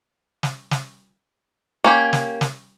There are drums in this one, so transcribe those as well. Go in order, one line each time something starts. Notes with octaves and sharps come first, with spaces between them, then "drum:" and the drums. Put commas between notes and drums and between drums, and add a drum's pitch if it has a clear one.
drum: snare
drum: snare
A#3 C#4 G4
drum: snare
drum: snare